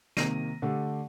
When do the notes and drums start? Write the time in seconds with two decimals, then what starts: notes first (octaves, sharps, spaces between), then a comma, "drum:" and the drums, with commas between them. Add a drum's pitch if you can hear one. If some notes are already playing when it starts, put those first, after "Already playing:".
0.17 C3 D#3 A#3 A#6 D#7, drum: snare
0.62 D3 A3 G4